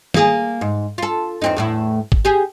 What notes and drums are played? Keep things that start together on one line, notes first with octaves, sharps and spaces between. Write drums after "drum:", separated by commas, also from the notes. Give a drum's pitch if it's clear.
A#3 G#4, drum: tom D#3
G#2
F4 A4
E2 C4 D#4
E2 A2 E4
drum: kick
G4 G#4